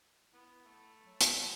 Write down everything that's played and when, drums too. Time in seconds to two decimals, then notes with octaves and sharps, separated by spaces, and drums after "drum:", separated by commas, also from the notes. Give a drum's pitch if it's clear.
0.34 B3 E4
0.65 A3
1.04 F#3
1.21 drum: hi-hat